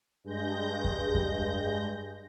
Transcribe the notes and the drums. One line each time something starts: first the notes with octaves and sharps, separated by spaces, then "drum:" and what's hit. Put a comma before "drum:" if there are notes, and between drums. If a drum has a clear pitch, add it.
G2 G#3 G6 A#6
drum: kick F2
drum: kick F2